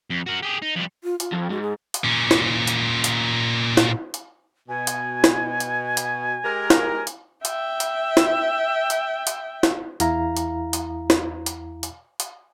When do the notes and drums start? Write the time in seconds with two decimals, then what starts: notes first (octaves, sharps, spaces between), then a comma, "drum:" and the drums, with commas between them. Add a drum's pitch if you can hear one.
0.10 F2
0.26 F#4 A#4
0.42 G4 G#4
0.62 D#4
0.76 F2 G3
1.04 F4
1.20 F4, drum: hi-hat
1.33 F2
1.50 G#2 F#4
1.62 G#4
1.94 drum: hi-hat
2.04 A#2 C#4
2.31 drum: snare
2.67 drum: hi-hat
3.04 drum: hi-hat
3.77 drum: snare
4.14 drum: hi-hat
4.69 B2 G#5
4.87 drum: hi-hat
5.24 drum: snare
5.60 drum: hi-hat
5.97 drum: hi-hat
6.44 G#3 G4 A#4
6.70 drum: snare
7.07 drum: hi-hat
7.45 E5 G5, drum: hi-hat
7.80 drum: hi-hat
8.17 drum: snare
8.90 drum: hi-hat
9.27 drum: hi-hat
9.63 drum: snare
10.00 E2 E4 F5 A#5, drum: hi-hat
10.37 drum: hi-hat
10.73 drum: hi-hat
11.10 drum: snare
11.46 drum: hi-hat
11.83 drum: hi-hat
12.20 drum: hi-hat